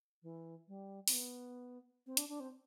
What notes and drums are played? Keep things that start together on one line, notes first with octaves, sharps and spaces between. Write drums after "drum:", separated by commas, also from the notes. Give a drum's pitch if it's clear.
E3
G3
C4, drum: open hi-hat
B3
C4
D4, drum: hi-hat
D4
C4